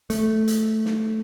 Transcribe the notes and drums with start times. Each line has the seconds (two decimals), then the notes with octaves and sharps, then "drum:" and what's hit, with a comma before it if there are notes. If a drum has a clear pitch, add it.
0.10 A3, drum: hi-hat
0.48 drum: hi-hat
0.85 drum: snare